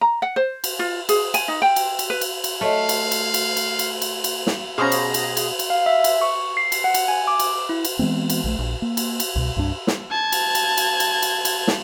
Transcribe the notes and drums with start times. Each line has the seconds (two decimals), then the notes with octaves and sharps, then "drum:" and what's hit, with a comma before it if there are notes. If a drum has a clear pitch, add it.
0.01 A#5
0.22 F#5
0.36 C5
0.64 drum: cymbal
0.79 F4
1.09 G#4, drum: cymbal
1.34 G#5, drum: cymbal
1.48 D#4
1.62 G5
1.76 drum: cymbal
1.99 drum: cymbal
2.10 B4
2.21 drum: cymbal
2.44 drum: cymbal
2.61 A3 A4 C#5 D#5 F5
2.89 drum: cymbal
3.11 drum: cymbal
3.34 drum: cymbal
3.57 drum: cymbal
3.79 drum: cymbal
4.02 drum: cymbal
4.24 drum: cymbal
4.47 drum: snare
4.78 B2 C#4 G#4 C5 F5 A#5
4.92 drum: cymbal
5.14 drum: cymbal
5.37 drum: cymbal
5.59 drum: cymbal
5.70 F5
5.86 E5
6.04 drum: cymbal
6.21 C#6
6.57 C7
6.72 drum: cymbal
6.84 F#5
6.94 drum: cymbal
7.08 G#5
7.27 D6
7.40 drum: cymbal
7.69 E4
7.85 drum: cymbal
7.99 E3 G#3 B3 C4
8.30 drum: cymbal
8.44 A#1 F3 A3
8.59 A#1
8.82 A#3
8.97 drum: cymbal
9.20 drum: cymbal
9.36 C2 B2
9.56 C2 G2 F#3 D4
9.87 drum: snare
10.11 A5 G#6
10.32 drum: cymbal
10.55 drum: cymbal
10.77 drum: cymbal
11.00 drum: cymbal
11.22 drum: cymbal
11.45 drum: cymbal
11.68 drum: snare